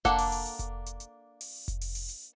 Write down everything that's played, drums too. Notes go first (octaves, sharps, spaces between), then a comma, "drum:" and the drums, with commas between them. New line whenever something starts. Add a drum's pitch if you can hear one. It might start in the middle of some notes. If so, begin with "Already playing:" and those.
A#3 D4 A4 F#5, drum: kick F1, hi-hat
drum: open hi-hat
drum: open hi-hat
drum: hi-hat
drum: kick F1, hi-hat
drum: hi-hat
drum: hi-hat
drum: open hi-hat
drum: kick F1, hi-hat
drum: open hi-hat
drum: open hi-hat
drum: hi-hat